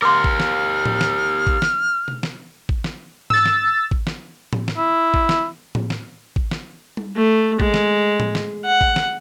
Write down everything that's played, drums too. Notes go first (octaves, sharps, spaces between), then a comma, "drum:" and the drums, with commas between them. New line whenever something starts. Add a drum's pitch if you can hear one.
G4 A#4 C6 D6 F6
drum: kick A1
drum: snare
drum: tom A2
drum: snare
drum: kick A1
drum: snare
drum: tom B2
drum: snare
drum: kick A1
drum: snare
E6 A6, drum: tom G#2
drum: snare
drum: kick A1
drum: snare
drum: tom A2
drum: snare
E4
drum: kick A1
drum: snare
drum: tom A2
drum: snare
drum: kick A1
drum: snare
drum: tom G3
A3
G#3, drum: kick A1
drum: snare
drum: tom A2
drum: snare
F#5
drum: kick A1
drum: snare